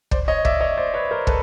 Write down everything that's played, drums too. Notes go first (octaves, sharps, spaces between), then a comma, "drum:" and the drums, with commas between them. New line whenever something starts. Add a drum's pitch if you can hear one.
C5 D5, drum: kick
C#5 D#5
D5 E5, drum: kick
C#5 D#5
C5 D5
B4 C#5
A#4 C5
A4 B4, drum: kick